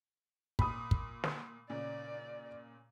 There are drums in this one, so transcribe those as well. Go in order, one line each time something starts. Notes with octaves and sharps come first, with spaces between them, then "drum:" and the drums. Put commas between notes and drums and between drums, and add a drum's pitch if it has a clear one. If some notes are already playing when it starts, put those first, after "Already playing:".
A#2 B5 D#6, drum: kick
drum: kick
drum: snare
A#2 C#3 D5